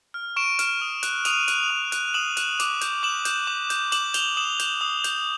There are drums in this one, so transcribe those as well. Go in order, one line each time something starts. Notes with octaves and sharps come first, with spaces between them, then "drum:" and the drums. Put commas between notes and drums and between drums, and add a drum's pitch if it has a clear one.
F6
C#6 D7 E7
F6, drum: hi-hat
D#6
F#6, drum: hi-hat
D#6 D#7 F7, drum: hi-hat
F#6, drum: hi-hat
D#6
F#6, drum: hi-hat
D#6 E7 F#7
F#6, drum: hi-hat
D6, drum: hi-hat
G6, drum: hi-hat
D6 E7 F#7
G6, drum: hi-hat
D6
G6, drum: hi-hat
D6 E7 F#7, drum: hi-hat
G6 F7 G7, drum: hi-hat
D#6 E7 F#7
G6, drum: hi-hat
D#6
G6, drum: hi-hat